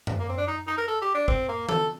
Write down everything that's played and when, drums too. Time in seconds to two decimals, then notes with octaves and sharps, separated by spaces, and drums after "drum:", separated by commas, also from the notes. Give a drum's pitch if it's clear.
0.07 drum: tom F#2
0.19 A#3
0.29 C4
0.38 D4
0.48 D#4
0.67 D#4
0.78 A#4
0.88 A4
1.02 G4
1.15 D4
1.28 C4, drum: kick
1.49 A#3
1.69 A4, drum: tom D#3